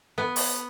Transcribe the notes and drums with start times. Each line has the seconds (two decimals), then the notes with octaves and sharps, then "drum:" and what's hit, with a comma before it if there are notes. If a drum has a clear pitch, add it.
0.18 B3
0.36 drum: open hi-hat